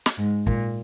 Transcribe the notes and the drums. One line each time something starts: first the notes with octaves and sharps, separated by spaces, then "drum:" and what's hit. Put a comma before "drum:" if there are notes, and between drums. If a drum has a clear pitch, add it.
drum: snare
G#2
A#2, drum: kick